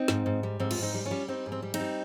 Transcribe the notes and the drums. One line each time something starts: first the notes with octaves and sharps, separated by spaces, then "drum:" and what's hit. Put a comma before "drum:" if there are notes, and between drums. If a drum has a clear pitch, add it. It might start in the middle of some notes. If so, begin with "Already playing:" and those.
Already playing: C4 D#4
G#2, drum: snare
G#2
G3
G#2 C4
F4, drum: cymbal
G#2
C4 D#4
G3
C#4 F4
G3
G3 C4 D#4
G#2
C4
G3
C4 D#4, drum: cymbal
G3